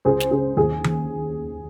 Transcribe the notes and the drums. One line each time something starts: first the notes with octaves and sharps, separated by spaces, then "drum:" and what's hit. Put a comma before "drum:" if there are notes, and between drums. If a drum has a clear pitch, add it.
C#2 G#4 C5
drum: snare
C#3 G#4
D#2 G#4
drum: tom D#3